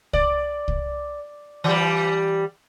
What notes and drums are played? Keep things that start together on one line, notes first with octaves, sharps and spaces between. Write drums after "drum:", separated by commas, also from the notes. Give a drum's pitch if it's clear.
D5, drum: kick C2
drum: kick C2
E3 G3